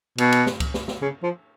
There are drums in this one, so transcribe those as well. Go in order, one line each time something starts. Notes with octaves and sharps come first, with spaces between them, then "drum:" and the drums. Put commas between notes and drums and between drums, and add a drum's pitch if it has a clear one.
B2, drum: cymbal
drum: cymbal
drum: snare
drum: kick C#2, cymbal
drum: snare
drum: snare
C#3
F3